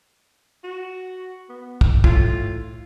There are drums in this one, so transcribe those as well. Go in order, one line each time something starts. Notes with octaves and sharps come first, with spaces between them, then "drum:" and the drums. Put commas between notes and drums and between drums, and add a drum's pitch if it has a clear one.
F#4
B3
drum: kick
A2 F4, drum: kick